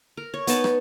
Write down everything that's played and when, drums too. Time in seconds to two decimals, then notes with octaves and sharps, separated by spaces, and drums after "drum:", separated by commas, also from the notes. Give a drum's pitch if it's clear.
0.17 A#4
0.34 C#5
0.47 B3 D#4 A5, drum: hi-hat
0.64 drum: rim click